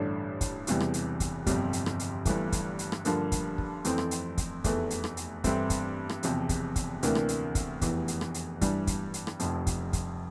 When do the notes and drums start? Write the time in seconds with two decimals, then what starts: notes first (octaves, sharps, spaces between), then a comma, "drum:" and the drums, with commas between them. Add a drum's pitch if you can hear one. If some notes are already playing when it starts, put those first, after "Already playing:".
Already playing: A1 G2 D3 A3 D4
0.41 drum: kick, hi-hat
0.67 E1 E2 C3 E3 G3, drum: hi-hat
0.80 drum: rim click
0.94 drum: hi-hat
1.20 drum: kick, hi-hat
1.46 G1 F2 C3 G3, drum: kick, hi-hat
1.73 drum: hi-hat
1.86 drum: rim click
1.99 drum: hi-hat
2.25 G1 G2 E3 A3, drum: kick, hi-hat
2.52 drum: kick, hi-hat
2.79 drum: hi-hat
2.92 drum: rim click
3.05 G2 D3 F3 A#3, drum: hi-hat
3.32 drum: kick, hi-hat
3.58 drum: kick
3.85 F2 E3 A3 C4, drum: hi-hat
3.98 drum: rim click
4.11 drum: hi-hat
4.38 drum: kick, hi-hat
4.64 F1 E2 E3 A3, drum: kick, hi-hat
4.90 drum: hi-hat
5.04 drum: rim click
5.17 drum: hi-hat
5.44 G2 E3 A3 C4 E4, drum: kick, hi-hat
5.70 drum: kick, hi-hat
6.09 drum: rim click
6.23 E1 E2 C3 F3, drum: hi-hat
6.49 drum: kick, hi-hat
6.76 drum: kick, hi-hat
7.03 D2 C3 E3 A#3 D4, drum: hi-hat
7.15 drum: rim click
7.29 drum: hi-hat
7.55 drum: kick, hi-hat
7.81 F1 E2 E3, drum: kick, hi-hat
8.08 drum: hi-hat
8.21 drum: rim click
8.34 drum: hi-hat
8.61 G2 E3 G3 D4, drum: kick, hi-hat
8.87 drum: kick, hi-hat
9.14 drum: hi-hat
9.27 drum: rim click
9.40 F1 F2 C3 F3, drum: hi-hat
9.67 drum: kick, hi-hat
9.93 drum: kick, hi-hat